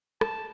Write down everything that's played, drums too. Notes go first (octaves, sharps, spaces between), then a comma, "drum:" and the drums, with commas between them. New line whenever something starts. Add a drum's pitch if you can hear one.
A5, drum: rim click